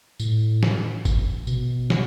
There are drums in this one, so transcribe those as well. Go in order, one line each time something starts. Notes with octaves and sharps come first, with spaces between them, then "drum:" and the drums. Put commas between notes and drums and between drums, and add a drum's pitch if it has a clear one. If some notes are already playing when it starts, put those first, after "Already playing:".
A2, drum: tambourine
drum: snare
drum: kick G#1, tambourine
B2, drum: tambourine
drum: snare